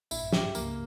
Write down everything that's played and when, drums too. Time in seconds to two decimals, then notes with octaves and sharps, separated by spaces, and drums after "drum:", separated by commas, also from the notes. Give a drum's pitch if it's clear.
0.11 A#1 A#2 E4, drum: tambourine
0.22 G2
0.33 G#2 G4, drum: snare
0.55 C#2 C#3 A#3, drum: tambourine
0.66 C#3